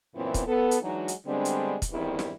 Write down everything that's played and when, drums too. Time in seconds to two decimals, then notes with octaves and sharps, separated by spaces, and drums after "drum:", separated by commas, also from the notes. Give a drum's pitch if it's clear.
0.15 F#2 A#2 E3 B3 C4 E4
0.34 drum: kick, hi-hat
0.47 B3 A4
0.71 drum: hi-hat
0.82 E3 F#3 G#3 D4 D#4 F#4
1.08 drum: hi-hat
1.27 D3 G3 G#3 B3 C4 D4
1.45 drum: hi-hat
1.82 drum: kick, hi-hat
1.91 E2 G2 D#3 G3 C4 E4
2.19 drum: snare